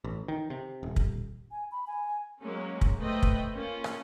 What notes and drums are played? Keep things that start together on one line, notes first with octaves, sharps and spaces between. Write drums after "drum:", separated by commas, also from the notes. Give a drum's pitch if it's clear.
A1
D#3
C3
D#1
drum: kick
G#5
B5
G#5
F#3 G#3 A#3 C#4
drum: kick
A3 B4 C5 D#5 G5
drum: kick
A#3 C#4 F4
drum: rim click